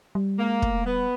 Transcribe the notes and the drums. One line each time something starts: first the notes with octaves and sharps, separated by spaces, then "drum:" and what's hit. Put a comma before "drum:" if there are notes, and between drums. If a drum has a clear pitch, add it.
G3
G#3 A#3
A3, drum: kick
G3 B3